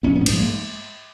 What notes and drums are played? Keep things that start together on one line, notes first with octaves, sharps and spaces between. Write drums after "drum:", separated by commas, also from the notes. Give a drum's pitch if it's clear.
A#1 B3 C#4
B3 C#4
G#2
F3 G3, drum: cymbal
G#3 A#3